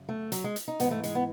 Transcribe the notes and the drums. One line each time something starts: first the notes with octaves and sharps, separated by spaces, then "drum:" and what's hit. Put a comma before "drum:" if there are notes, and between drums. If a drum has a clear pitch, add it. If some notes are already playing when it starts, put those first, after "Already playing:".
Already playing: F#2 C#3
A3
F#3, drum: hi-hat
G#3
drum: hi-hat
D#4
G#2 E3 B3, drum: hi-hat
A3
G#3, drum: hi-hat
B3